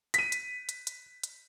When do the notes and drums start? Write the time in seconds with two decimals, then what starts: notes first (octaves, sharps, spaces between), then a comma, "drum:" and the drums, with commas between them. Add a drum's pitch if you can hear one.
0.14 B6 D#7, drum: hi-hat
0.32 drum: hi-hat
0.69 drum: hi-hat
0.87 drum: hi-hat
1.23 drum: hi-hat